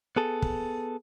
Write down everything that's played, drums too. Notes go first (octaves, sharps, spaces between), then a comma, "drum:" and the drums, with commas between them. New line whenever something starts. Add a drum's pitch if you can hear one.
B3 G#4 A4
drum: kick